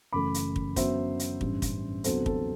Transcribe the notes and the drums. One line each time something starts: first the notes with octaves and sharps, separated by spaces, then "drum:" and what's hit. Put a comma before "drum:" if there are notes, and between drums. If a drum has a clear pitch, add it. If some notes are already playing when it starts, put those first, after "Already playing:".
F#1 F#2 E3 A3 B5 D6
drum: hi-hat
drum: kick
F#2 D3 F#3 B3 C5 E5, drum: kick, hi-hat
drum: hi-hat
A1 G2 E3 G3, drum: kick
drum: kick, hi-hat
D2 C3 F#3 B3 A4 C5, drum: hi-hat
A4, drum: kick